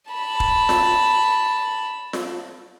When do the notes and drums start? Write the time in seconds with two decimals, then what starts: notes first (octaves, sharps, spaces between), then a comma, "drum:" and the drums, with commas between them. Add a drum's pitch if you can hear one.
0.11 A5 B5
0.40 drum: kick
0.69 drum: snare F4
2.13 drum: snare F4